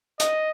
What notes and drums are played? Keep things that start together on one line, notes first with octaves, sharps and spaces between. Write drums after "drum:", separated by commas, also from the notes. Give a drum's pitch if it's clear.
D#5, drum: hi-hat